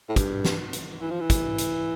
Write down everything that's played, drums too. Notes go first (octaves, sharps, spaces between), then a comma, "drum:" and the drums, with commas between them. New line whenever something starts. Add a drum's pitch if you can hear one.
A2
G2, drum: kick, hi-hat
drum: snare
drum: hi-hat
E3
F3
E3
drum: kick, hi-hat
drum: hi-hat